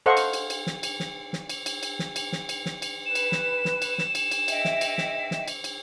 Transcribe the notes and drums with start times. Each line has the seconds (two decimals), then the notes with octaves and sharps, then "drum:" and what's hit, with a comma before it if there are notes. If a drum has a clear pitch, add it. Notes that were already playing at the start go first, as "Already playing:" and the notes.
0.06 A4 C5 D#5 F5 F#5 C#6
0.17 drum: cymbal
0.33 drum: cymbal
0.50 drum: cymbal
0.67 drum: snare
0.83 drum: cymbal
1.00 drum: snare
1.33 drum: snare
1.50 drum: cymbal
1.66 drum: cymbal
1.83 drum: cymbal
1.99 drum: snare
2.16 drum: cymbal
2.32 drum: snare
2.49 drum: cymbal
2.66 drum: snare
2.82 drum: cymbal
3.06 B4 E7
3.15 drum: cymbal
3.32 drum: snare
3.65 drum: snare
3.82 drum: cymbal
3.98 drum: snare
4.15 drum: cymbal
4.31 drum: cymbal
4.48 D#5 E5 G5, drum: cymbal
4.65 drum: snare
4.81 drum: cymbal
4.98 drum: snare
5.31 drum: snare
5.48 drum: cymbal
5.64 drum: cymbal